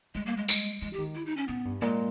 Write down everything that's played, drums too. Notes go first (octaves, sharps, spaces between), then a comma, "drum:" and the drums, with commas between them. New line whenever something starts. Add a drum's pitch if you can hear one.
G3 G#3
A#3
G#3
G#3, drum: tambourine
E3 G#3
G4
D#3
E4
D#4
C#4
A#2 B3
G2
A#2 G#3